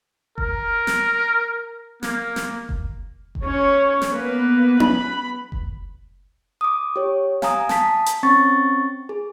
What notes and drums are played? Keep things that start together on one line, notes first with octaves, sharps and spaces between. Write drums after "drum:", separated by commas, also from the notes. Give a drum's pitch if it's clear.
A#4, drum: kick F#1
drum: snare
A#3, drum: snare
drum: snare
drum: kick F#1
drum: kick F#1
C#4 C#5
drum: snare
A#3 B3 B4
B5, drum: tom C#4
drum: kick F#1
D6 D#6
G4 C#5
F5 G#5 A#5 D#6, drum: snare
A5 D#6 B6, drum: snare
drum: hi-hat
C4 C#4 C#6 A6
G#4